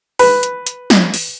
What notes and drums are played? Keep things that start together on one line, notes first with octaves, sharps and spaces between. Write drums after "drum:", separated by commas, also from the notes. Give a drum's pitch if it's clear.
B4, drum: open hi-hat
drum: hi-hat
drum: hi-hat
drum: snare
drum: open hi-hat